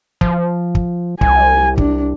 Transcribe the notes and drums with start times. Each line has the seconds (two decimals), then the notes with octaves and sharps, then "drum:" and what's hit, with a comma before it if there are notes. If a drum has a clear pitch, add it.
0.21 F3, drum: kick
0.75 drum: kick
1.21 C2 G#5, drum: kick
1.78 D4, drum: kick